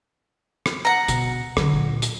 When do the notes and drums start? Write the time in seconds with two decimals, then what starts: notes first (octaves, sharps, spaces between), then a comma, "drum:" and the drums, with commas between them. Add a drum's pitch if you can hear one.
0.66 drum: rim click
0.85 F#5 A#5
1.08 B2, drum: hi-hat
1.57 D3 F#3, drum: rim click
1.73 A#2
2.02 drum: hi-hat